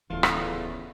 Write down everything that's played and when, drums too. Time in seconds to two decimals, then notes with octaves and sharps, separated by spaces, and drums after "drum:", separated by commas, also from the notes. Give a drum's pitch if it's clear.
0.10 D1 E2 A2 C#3 E3 A3 F4
0.23 drum: rim click